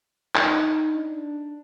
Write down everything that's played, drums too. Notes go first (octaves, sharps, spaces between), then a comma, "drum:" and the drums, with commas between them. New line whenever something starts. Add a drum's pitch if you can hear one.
D#4, drum: clap
D4